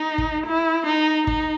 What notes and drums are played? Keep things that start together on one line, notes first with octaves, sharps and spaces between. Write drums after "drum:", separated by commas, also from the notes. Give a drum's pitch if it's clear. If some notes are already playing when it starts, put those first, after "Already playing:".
Already playing: D#4
drum: kick
E4
D#4
D#4, drum: kick